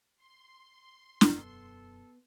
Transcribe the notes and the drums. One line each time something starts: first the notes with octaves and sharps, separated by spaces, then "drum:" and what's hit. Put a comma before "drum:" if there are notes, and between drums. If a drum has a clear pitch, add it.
C6
E1 F#2 B3 A4, drum: snare